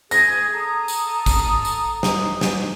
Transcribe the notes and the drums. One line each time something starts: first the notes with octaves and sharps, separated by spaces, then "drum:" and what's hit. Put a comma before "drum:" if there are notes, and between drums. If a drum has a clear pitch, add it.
G#4 A#6, drum: tambourine
A4 A#5 D#6
drum: tambourine
drum: kick A1, tambourine
drum: tambourine
drum: snare
drum: snare